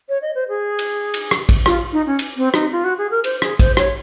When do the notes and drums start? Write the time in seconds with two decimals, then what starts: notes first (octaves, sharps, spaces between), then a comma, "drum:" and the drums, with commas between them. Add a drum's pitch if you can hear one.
0.09 C#5
0.22 D#5
0.35 C5
0.49 G#4
0.79 drum: cymbal
1.14 drum: cymbal
1.31 drum: rim click
1.49 drum: kick, cymbal
1.66 F4, drum: rim click
1.92 D#4
2.06 C#4
2.19 drum: cymbal
2.37 C4
2.54 D#4, drum: rim click
2.72 F4
2.84 F#4
2.98 G#4
3.11 A#4
3.24 C5, drum: cymbal
3.42 G#4, drum: rim click
3.59 C5, drum: kick, cymbal
3.77 C#5, drum: rim click